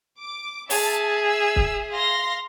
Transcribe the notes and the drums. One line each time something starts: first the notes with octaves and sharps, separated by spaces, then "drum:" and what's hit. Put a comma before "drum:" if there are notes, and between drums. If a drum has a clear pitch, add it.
D6
G#4 E5 A5, drum: open hi-hat
G#5 E6
drum: kick
F5 C6 A#6